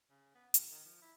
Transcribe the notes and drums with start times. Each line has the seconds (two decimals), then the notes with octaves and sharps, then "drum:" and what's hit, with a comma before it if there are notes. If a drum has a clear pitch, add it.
0.10 C#3
0.35 B3
0.54 A#2, drum: hi-hat
0.71 D#3
0.85 F3
1.02 E4